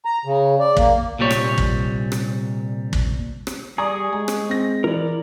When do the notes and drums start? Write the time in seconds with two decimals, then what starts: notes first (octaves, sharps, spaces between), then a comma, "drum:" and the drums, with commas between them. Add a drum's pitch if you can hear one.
0.05 A#5
0.25 C#3
0.59 D5
0.77 A#3, drum: kick
1.19 C2 A#2 G3 C#5
1.31 drum: rim click
1.58 drum: kick
2.12 drum: rim click
2.93 drum: kick
3.47 drum: rim click
3.78 G3 G#4 D5 A#5 C#6 D#6
4.13 G#3 G#5
4.28 drum: rim click
4.49 C4 A#6
4.84 E3 A#4 D5